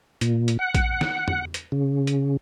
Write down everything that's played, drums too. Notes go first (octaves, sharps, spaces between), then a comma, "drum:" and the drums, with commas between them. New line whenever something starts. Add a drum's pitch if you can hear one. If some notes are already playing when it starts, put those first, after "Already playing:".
A#2, drum: hi-hat
drum: hi-hat
F#5
drum: kick A#1, hi-hat
drum: snare
drum: tom
drum: hi-hat
C#3
drum: hi-hat